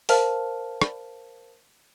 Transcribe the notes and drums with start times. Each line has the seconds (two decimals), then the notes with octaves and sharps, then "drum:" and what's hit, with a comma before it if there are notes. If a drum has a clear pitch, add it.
0.09 A#4 C5 F5 A5 F6, drum: open hi-hat
0.82 drum: rim click